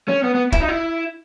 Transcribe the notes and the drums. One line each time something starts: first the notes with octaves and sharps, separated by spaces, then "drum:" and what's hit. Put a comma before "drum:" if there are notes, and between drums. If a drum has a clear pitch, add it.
C#4
B3
B3
E4, drum: kick
D#4
E4